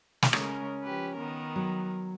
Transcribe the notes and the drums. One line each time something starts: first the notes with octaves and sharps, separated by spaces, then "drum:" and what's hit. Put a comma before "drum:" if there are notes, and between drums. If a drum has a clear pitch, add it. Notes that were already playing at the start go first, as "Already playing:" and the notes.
drum: snare
C#3 G#3 C#4 A#4, drum: rim click
F3 G4 B4
D#3 B3 A#4
F#3